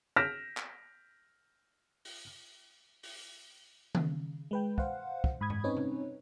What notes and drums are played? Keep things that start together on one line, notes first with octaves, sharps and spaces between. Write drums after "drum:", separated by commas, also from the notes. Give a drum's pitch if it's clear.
F6 G6 A#6 B6 D7 E7
drum: clap
drum: open hi-hat
drum: open hi-hat
C#3, drum: tom D#3
G#3 B4 G5
C5 F5 F#5, drum: kick
drum: kick
G#2 B5 D#6 G#6
drum: tom F#2
C4 C#4 D#4 B4 C#5
drum: tom C3